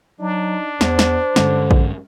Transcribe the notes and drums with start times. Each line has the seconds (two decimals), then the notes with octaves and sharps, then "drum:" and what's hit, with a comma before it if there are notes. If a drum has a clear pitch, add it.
0.20 F#3 D4 D#4
0.81 E2 C5, drum: snare
0.99 drum: snare
1.36 G2 D3 G#3 C#4, drum: snare
1.71 drum: kick A#1